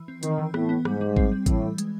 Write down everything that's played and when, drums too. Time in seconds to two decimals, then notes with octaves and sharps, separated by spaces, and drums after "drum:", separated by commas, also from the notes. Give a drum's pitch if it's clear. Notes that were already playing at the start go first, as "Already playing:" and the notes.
Already playing: E3
0.08 C4
0.23 D#3 C4, drum: hi-hat
0.38 E3
0.54 A2 B3, drum: rim click
0.69 B3
0.85 G#2 G3, drum: rim click
1.01 G3
1.17 C4, drum: kick G#1
1.32 G3
1.46 A2 E3, drum: kick G#1, hi-hat
1.62 E3
1.78 G#3, drum: hi-hat